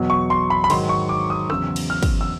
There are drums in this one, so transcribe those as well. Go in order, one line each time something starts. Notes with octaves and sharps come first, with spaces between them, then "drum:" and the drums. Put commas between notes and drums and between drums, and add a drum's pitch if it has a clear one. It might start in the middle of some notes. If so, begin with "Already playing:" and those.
Already playing: E2 B2 F#3
C#6
C6
B5
B5
G#2 D#3 F#3 C6, drum: cymbal
C#6
D6
D#6
E2 C#3 F#3 E6, drum: rim click
drum: cymbal
F6
drum: kick, cymbal
E6